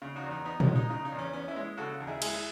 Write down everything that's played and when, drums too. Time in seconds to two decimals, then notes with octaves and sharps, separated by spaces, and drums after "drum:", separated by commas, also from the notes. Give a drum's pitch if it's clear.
0.02 C#3
0.16 D#4 F#4
0.23 E2
0.31 D#4
0.45 B3 D#4
0.60 C#4, drum: tom
0.68 G#3
0.76 D#4
0.90 C#3 D#4
1.05 D#4
1.12 E2
1.19 C#4
1.33 B3 C#4
1.48 C#4 E4
1.56 G#3
1.77 C#3 F#4 A4
2.00 D#2
2.07 E4 G#4
2.22 G#3 E4 G#4, drum: cymbal